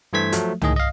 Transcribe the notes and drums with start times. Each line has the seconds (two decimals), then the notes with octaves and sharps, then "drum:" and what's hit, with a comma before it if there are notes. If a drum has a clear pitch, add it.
0.13 G2 E3 A3 C5 G#6 B6
0.32 F3 F#3 A3, drum: hi-hat
0.62 A2 D#3 G#4 D#5, drum: tom
0.76 D#5 F5